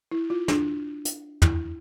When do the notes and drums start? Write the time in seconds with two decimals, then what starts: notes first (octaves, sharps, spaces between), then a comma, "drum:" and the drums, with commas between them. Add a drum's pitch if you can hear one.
0.11 E4
0.30 F4
0.48 D4, drum: snare
1.05 drum: hi-hat
1.42 E4, drum: tom